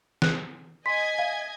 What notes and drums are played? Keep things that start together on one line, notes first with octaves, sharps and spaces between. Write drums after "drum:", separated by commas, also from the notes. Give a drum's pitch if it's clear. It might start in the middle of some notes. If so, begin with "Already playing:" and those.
F#6, drum: snare
D#5 G#5 C6 G#6 B6
E5 F5